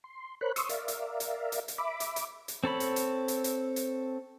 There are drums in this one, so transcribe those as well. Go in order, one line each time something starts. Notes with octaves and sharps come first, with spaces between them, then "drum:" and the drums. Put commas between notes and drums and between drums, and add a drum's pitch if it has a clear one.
C6
A#4 C5 C#5 B5 F#6
C6 C#6 D#6 E6, drum: hi-hat
A#4 D5 E5 F5, drum: hi-hat
drum: hi-hat
drum: hi-hat
drum: hi-hat
drum: hi-hat
E5 B5 D6
drum: hi-hat
drum: hi-hat
drum: hi-hat
C4 A4 C#5 B5
drum: hi-hat
drum: hi-hat
drum: hi-hat
drum: hi-hat
drum: hi-hat